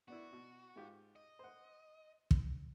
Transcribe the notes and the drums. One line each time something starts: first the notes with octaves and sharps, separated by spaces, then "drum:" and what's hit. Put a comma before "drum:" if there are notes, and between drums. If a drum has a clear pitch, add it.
B3 D4 E4 F#4
B2
G#2 F4 G4
D#5
C5 F#5
drum: kick